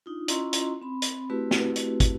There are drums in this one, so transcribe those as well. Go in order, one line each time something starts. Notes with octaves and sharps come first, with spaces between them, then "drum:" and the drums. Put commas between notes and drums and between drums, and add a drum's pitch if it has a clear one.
D4 D#4 F4
C#4 E4 F4 D#5 A#5 C6, drum: hi-hat
drum: hi-hat
C4 B5
drum: hi-hat
A3 C4 E4 F#4 G4 B4
drum: snare
drum: hi-hat
drum: kick, hi-hat